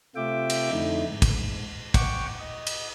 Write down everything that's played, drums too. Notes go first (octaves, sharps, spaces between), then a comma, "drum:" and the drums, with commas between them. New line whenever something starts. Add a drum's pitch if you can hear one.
C3 A3 F4 E5 G5 D6
drum: cymbal
F2 D3 A3 D#4 E4
G#2
drum: kick, cymbal
F#5 G5 C#6 D6, drum: kick, cymbal
D#5
drum: cymbal